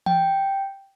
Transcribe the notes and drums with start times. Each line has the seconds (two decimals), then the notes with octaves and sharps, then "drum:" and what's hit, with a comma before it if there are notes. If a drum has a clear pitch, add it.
0.06 G5, drum: tom E3